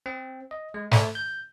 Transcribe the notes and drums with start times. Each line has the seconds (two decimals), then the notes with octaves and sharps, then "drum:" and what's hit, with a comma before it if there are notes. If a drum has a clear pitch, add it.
0.06 C4
0.51 D#5
0.74 G#3
0.91 A3, drum: snare
1.15 G6